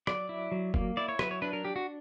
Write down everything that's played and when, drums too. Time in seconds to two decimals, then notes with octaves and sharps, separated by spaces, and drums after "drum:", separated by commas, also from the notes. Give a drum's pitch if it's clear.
0.07 F#3 D5, drum: rim click
0.29 E4
0.52 F#3
0.74 A#3, drum: kick F1
0.97 E4 D5
1.08 C#5
1.19 F#3 B4, drum: rim click
1.31 C#5
1.42 D4 B4
1.53 A#4
1.65 D4 G4
1.76 F#4